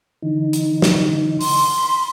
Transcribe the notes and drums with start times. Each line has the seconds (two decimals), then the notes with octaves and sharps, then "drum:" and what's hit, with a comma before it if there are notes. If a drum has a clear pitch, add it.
0.22 D3 E3 D#4
0.53 drum: hi-hat
0.82 drum: snare
1.41 C6, drum: open hi-hat
1.78 B5